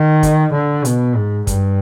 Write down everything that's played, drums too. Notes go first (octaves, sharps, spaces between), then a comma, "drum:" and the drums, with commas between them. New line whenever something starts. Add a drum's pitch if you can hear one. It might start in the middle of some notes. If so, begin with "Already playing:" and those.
Already playing: D#3
drum: kick, hi-hat
D3
B2, drum: hi-hat
G#2
G2, drum: kick, hi-hat